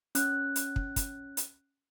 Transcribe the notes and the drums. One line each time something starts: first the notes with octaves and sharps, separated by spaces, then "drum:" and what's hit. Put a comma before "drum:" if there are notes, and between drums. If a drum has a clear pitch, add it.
C#4 F#6, drum: hi-hat
drum: hi-hat
drum: kick
drum: kick, hi-hat
drum: hi-hat